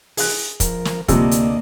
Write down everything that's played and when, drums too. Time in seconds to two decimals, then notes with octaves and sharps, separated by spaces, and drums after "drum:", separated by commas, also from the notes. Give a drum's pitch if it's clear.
0.17 G#4 F#6, drum: open hi-hat
0.60 F3 A#4, drum: kick, hi-hat
0.85 drum: snare
1.08 D2 C3 F3 G3 A#3 D5 D#5, drum: kick, hi-hat
1.31 drum: hi-hat